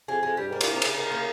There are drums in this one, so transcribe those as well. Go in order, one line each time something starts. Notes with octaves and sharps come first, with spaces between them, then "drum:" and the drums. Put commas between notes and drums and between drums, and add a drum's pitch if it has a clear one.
F2 G#3
F2 G#3
G2 G3
G#2 A#3
A#2, drum: cymbal
C3 A#4
C#3 D#4, drum: cymbal
A#4
A#3